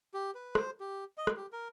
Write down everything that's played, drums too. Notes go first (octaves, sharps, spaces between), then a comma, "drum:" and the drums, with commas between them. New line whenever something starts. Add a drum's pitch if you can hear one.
G4
B4
C5, drum: rim click
G4
D#5
drum: rim click
G4
A#4